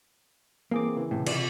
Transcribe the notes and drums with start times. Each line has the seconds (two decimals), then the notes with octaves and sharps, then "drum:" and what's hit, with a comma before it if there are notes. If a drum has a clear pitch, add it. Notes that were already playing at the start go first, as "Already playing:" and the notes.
0.71 E3 A#3 C4 G#4 D6
0.96 C#3 E3
1.11 A2 C3
1.26 C3 F4 D5, drum: cymbal